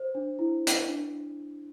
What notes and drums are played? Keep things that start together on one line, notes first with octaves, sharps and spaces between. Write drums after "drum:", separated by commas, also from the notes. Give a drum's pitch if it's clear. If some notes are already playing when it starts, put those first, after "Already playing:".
Already playing: C5
D4
E4
drum: hi-hat
D4